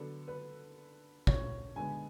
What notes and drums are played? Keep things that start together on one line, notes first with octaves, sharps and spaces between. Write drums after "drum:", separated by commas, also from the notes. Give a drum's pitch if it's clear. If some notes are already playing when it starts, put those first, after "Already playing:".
Already playing: D3 F#3 B3 D4 A4
B4
C#5, drum: kick
D3 G#3 B3 G#5